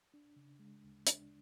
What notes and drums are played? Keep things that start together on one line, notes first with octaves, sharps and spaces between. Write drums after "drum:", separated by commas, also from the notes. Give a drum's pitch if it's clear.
D4
C#3
G#3
D2
D4, drum: hi-hat